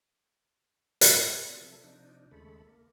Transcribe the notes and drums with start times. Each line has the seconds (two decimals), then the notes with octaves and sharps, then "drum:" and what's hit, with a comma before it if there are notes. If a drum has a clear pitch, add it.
1.01 drum: hi-hat
1.49 B3 C4 F4 B4
1.61 C3 F3 A4 E5
1.84 C3 F3 D4 D#4
2.31 D#2 C#3 G#3 A3 A4 B5
2.66 A#3